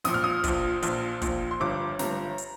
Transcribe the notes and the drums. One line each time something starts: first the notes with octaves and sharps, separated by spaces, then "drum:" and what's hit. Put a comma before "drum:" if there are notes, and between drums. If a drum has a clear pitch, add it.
A#1 A#2 F3 D#6, drum: snare
F6
D#6
A#1 A#2 F3, drum: kick, hi-hat
A#1 A#2 F3, drum: hi-hat
A#1 A#2 F3, drum: kick, hi-hat
C6
G1 G2 F3 D6
G1 G2 F3 A#5, drum: snare
drum: hi-hat